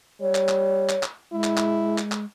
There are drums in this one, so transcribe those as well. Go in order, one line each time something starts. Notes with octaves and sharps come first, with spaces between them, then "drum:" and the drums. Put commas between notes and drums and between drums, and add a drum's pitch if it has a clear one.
G3 C#5
drum: clap
drum: clap
drum: clap
drum: clap
G#3 E4
drum: clap
drum: clap
drum: clap
drum: clap